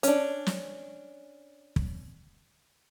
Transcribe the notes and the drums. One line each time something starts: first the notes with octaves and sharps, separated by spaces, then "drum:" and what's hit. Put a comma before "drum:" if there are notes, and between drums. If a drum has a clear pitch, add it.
C#4 D4, drum: hi-hat
drum: snare
drum: kick